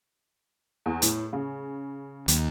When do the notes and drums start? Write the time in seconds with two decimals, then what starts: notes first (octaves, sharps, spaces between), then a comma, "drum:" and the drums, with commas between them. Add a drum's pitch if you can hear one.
0.86 E2
1.02 A2, drum: hi-hat
1.33 C#3
2.28 D#2, drum: hi-hat